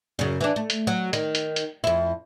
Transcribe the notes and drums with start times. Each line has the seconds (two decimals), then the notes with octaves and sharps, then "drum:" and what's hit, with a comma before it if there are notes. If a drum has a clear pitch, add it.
0.19 F#2 C#3
0.41 E3 D4
0.56 A3
0.70 drum: hi-hat
0.87 F#3
1.13 D#3, drum: hi-hat
1.35 drum: hi-hat
1.56 drum: hi-hat
1.84 F2 E4